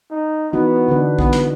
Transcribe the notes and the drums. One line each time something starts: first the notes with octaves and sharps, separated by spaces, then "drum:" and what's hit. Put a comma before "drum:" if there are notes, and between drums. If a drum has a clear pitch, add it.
D#4
E3 B3 D#4 F#4
D3 D4 B4
B3, drum: kick A#1
drum: snare